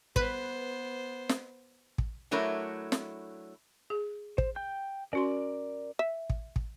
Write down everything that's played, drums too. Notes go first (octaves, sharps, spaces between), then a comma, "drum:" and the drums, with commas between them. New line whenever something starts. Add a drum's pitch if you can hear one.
B3 B4 C5, drum: kick
drum: snare
drum: kick
F#3 A3 D4 E4 A#4 C#5
drum: snare
G#4
C5, drum: kick
G5 G6
C#4 F#4 A#4 D5 C6
E5
drum: kick
drum: kick